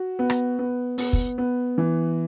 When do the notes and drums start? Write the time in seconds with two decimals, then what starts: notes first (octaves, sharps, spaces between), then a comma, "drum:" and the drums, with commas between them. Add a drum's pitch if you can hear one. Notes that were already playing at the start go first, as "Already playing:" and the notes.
Already playing: F#4
0.19 B3
0.30 drum: rim click
0.59 B3
0.98 B3, drum: open hi-hat
1.13 drum: kick
1.38 B3
1.78 E3